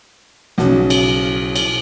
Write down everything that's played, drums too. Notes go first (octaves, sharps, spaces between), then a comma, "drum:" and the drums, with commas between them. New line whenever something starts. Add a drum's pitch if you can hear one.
B1 C#3, drum: snare
drum: cymbal
drum: cymbal